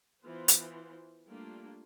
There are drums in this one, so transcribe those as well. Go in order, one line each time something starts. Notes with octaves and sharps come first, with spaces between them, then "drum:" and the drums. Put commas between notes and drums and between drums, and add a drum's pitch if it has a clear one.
E3 B3 F4 C5
drum: hi-hat
G3 A3 A#3 D4 F4